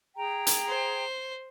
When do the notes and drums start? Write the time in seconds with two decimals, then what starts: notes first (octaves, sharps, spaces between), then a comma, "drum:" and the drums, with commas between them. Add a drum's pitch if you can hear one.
0.16 G#4 G5 A#5
0.47 drum: hi-hat
0.68 C5